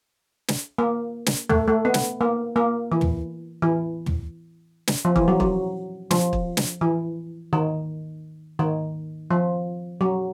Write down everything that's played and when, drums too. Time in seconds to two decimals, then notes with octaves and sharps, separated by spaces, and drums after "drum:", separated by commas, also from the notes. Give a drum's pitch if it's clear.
0.48 drum: snare
0.78 A#3
1.26 drum: snare
1.49 A3, drum: tom
1.68 A3
1.85 B3
1.94 drum: snare
2.21 A#3
2.56 A#3
2.92 E3
3.01 drum: tom
3.62 E3
4.06 drum: tom
4.87 drum: snare
5.05 F3
5.16 E3, drum: kick
5.28 F#3
5.40 F#3, drum: kick
6.11 F3, drum: snare
6.33 drum: kick
6.57 drum: snare
6.81 E3
7.53 D#3
8.59 D#3
9.31 F3
10.01 F#3